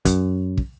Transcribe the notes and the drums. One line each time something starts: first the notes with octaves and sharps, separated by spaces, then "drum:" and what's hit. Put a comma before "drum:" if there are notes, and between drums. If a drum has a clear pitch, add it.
F#2, drum: kick, hi-hat
drum: kick